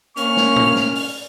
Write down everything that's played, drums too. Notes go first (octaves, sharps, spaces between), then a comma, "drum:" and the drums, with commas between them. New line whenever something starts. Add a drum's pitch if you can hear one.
A#3 C#4 C#6 F6, drum: hi-hat
drum: snare
drum: tom A2
drum: snare
drum: open hi-hat